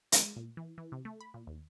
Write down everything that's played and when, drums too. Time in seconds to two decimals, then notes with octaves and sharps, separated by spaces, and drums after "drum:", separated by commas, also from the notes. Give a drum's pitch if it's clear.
0.12 G#3, drum: hi-hat
0.36 A#2
0.57 E3
0.78 E3
0.92 C3
1.05 A3
1.21 B5
1.34 A#2
1.47 D#2